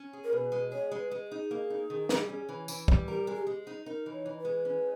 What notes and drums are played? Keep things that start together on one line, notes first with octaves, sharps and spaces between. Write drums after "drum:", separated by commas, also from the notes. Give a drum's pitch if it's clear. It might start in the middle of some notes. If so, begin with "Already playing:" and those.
Already playing: C#4
G#4
A#4
B2 B4
G#3
G#4 C#5
G#3
B4
G#3
G#4
D#4
A#3
D#4
D#3
G3, drum: snare
C#4
E3
E3, drum: tambourine
G3, drum: kick
G4 A#4
G#3
G4
G#3
D#4
D#4 A#4
E3
C#5
E3
B4
G#3
C#4